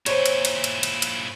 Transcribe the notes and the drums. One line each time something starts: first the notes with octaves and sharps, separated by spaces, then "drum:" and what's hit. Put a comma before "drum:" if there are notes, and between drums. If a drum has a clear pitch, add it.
A#2 E4 C5 C#5, drum: cymbal
drum: cymbal
drum: cymbal
drum: cymbal
drum: cymbal
drum: cymbal